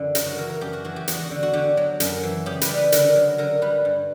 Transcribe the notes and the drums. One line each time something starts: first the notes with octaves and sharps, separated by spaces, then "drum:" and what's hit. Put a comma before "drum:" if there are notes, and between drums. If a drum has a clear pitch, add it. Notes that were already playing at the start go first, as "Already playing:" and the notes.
Already playing: F#2 D3 E3
C#3 A#4, drum: hi-hat
F#4
E3 A#4
A#4
F#2 G4
F#4
E3 F#4
G4
E2 F#4, drum: hi-hat
F#4
D3
F#4
D3 G4
F#3
F#2, drum: hi-hat
E3
C#3 G4
B4, drum: hi-hat
G3
B4
D3 A#4, drum: hi-hat
F#3
D3 A#4
G3 B4
G2